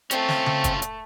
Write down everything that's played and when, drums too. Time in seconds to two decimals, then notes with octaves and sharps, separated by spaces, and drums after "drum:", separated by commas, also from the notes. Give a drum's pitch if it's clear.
0.11 A3 C4 C#4 F4, drum: hi-hat
0.29 drum: snare
0.46 drum: tom C#3
0.64 drum: kick, hi-hat
0.82 drum: hi-hat